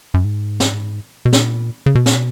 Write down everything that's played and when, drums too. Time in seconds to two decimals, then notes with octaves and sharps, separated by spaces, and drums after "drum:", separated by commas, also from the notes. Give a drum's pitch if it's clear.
0.14 F#2
0.25 G#2
0.60 drum: snare
1.25 B2
1.33 A#2, drum: snare
1.86 C#3
1.95 B2
2.06 A#2, drum: snare
2.15 B2